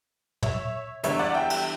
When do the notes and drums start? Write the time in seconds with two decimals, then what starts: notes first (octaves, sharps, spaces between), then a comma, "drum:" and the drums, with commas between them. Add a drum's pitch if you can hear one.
0.43 C#5 E5, drum: tom
1.04 E2 D3 G3 C#5 E5, drum: hi-hat
1.19 D5 F#5
1.34 E5 G5
1.50 E5 G5, drum: cymbal